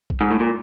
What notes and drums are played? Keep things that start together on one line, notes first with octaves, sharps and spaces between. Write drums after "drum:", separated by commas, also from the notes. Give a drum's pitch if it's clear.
drum: kick A#1
G#2
A2
A#2